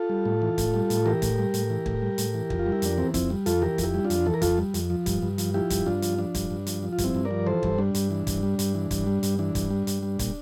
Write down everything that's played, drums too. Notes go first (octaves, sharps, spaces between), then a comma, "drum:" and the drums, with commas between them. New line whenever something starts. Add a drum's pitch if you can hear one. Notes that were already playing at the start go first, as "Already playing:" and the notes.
Already playing: F4 A4
G3
A2
E3
A2, drum: kick, hi-hat
G3
A2, drum: hi-hat
E3 G4 A#4
A2, drum: kick, hi-hat
G3
A2, drum: hi-hat
E3
A2, drum: kick
G3
A2, drum: hi-hat
E3
F2, drum: kick
F4
G3
E4
F2 D4, drum: hi-hat
E3 C4
F2 C4 E4, drum: kick, hi-hat
G3
F2 F4 A4, drum: hi-hat
E3 G4 A#4
F2, drum: kick, hi-hat
E4 G4
G3
D4 F4
F2, drum: hi-hat
E3 A4
A#4
F2 F4 A4, drum: kick, hi-hat
G3
F2, drum: hi-hat
F3
G2, drum: kick, hi-hat
G2
F3, drum: hi-hat
F3 E4 G4
G2, drum: kick, hi-hat
G2 D4 F4
F3, drum: hi-hat
F3 D4
G2, drum: kick, hi-hat
G2
F3, drum: hi-hat
F3
F4
G2, drum: kick, hi-hat
C4 E4
G2
A#4 D5
F3
E3 A4 C5
G2, drum: kick
G3 D4
G2, drum: hi-hat
E3
G2, drum: kick, hi-hat
G3
G2, drum: hi-hat
E3
G2, drum: kick, hi-hat
G3
G2, drum: hi-hat
E3 D4
G2, drum: kick, hi-hat
G3
G2, drum: hi-hat
G3
A#2, drum: kick, hi-hat